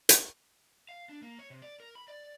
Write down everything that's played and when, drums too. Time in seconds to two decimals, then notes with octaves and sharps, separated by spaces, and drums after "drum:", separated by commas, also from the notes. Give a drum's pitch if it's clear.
0.09 drum: hi-hat
0.89 F5
1.09 D4
1.22 A#3
1.39 C#5
1.50 C3
1.62 D5
1.80 A#4
1.95 B5
2.08 D5